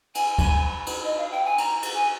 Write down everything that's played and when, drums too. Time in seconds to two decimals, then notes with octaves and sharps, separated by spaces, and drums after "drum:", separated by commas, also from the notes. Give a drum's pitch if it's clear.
0.15 G#5, drum: cymbal
0.39 drum: kick, cymbal
0.87 drum: cymbal
1.04 D#5
1.18 F5
1.31 G5
1.45 G#5
1.58 A#5, drum: cymbal
1.83 drum: cymbal
1.95 G#5